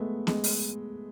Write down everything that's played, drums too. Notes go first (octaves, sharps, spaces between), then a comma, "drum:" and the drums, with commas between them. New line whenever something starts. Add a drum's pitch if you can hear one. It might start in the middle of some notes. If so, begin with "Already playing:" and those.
Already playing: G#3 A3 B3
G#3, drum: snare B3
drum: open hi-hat